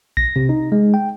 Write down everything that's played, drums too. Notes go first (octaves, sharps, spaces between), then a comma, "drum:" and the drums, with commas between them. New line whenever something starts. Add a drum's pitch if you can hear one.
A#6, drum: kick B1
C3
D#4
G#3
G5